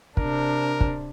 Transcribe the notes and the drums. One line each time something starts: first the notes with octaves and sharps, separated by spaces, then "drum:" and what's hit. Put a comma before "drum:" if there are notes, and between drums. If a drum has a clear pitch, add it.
C3 D4 A#4, drum: kick
drum: kick